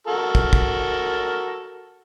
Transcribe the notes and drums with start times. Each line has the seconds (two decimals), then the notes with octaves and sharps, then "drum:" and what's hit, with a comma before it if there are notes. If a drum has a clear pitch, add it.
0.07 F#4 A4 A#4
0.35 drum: kick
0.53 drum: kick